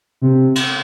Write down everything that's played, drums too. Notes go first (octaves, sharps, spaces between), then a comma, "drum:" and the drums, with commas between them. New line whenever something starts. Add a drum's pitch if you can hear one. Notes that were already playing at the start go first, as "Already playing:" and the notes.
C3
drum: cymbal